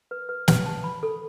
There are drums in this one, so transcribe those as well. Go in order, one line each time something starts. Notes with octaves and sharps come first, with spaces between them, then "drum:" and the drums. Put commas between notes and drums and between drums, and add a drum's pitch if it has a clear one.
B4
B4
B4, drum: snare
A5
B5
A4